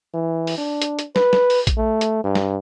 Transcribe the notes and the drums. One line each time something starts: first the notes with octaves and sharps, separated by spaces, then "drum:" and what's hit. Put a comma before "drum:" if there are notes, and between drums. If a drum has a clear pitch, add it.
E3
drum: open hi-hat
D4
drum: hi-hat
drum: hi-hat
B4, drum: snare
drum: snare
drum: open hi-hat
drum: kick A#1, hi-hat
A3
drum: hi-hat
G2
drum: snare